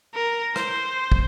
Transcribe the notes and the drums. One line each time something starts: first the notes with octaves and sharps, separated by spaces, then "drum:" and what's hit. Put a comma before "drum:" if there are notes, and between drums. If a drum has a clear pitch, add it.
A#4
C5, drum: rim click
drum: kick